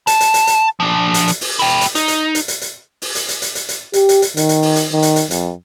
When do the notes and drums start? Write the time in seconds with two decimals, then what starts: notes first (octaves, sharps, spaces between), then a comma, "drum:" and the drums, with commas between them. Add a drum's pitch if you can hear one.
0.07 A5, drum: hi-hat
0.20 drum: hi-hat
0.34 drum: hi-hat
0.47 drum: hi-hat
0.80 F3 D4
1.14 drum: hi-hat
1.28 drum: hi-hat
1.41 drum: open hi-hat
1.59 E4 G5
1.81 drum: hi-hat
1.95 D#4, drum: hi-hat
2.08 drum: hi-hat
2.35 drum: hi-hat
2.48 drum: hi-hat
2.61 drum: hi-hat
3.02 drum: open hi-hat
3.15 drum: hi-hat
3.28 drum: hi-hat
3.42 drum: hi-hat
3.55 drum: hi-hat
3.69 drum: hi-hat
3.93 G4, drum: hi-hat
4.09 drum: hi-hat
4.22 drum: hi-hat
4.37 D#3, drum: hi-hat
4.49 drum: hi-hat
4.62 drum: open hi-hat
4.76 drum: hi-hat
4.92 D#3
5.02 drum: hi-hat
5.16 drum: hi-hat
5.31 F2, drum: hi-hat